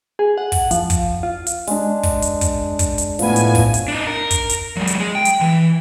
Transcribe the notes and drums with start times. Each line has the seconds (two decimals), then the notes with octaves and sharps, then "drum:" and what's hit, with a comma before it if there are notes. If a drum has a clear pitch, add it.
0.19 G#4
0.38 F#5
0.52 drum: kick, open hi-hat
0.71 F3, drum: hi-hat
0.90 drum: kick, hi-hat
1.23 F4
1.47 drum: hi-hat
1.67 G#3 D4, drum: open hi-hat
2.03 drum: kick, open hi-hat
2.22 drum: hi-hat
2.41 drum: kick, hi-hat
2.79 drum: kick, hi-hat
2.98 drum: hi-hat
3.19 A2 F3 B3 G#5, drum: open hi-hat
3.36 drum: hi-hat
3.55 drum: kick, open hi-hat
3.74 drum: hi-hat
3.88 D4 D#4
4.07 A#4
4.31 drum: kick, hi-hat
4.49 drum: hi-hat
4.77 F#3 G#3
4.87 drum: hi-hat
5.00 G#3 G#4
5.15 G5
5.25 drum: hi-hat
5.41 E3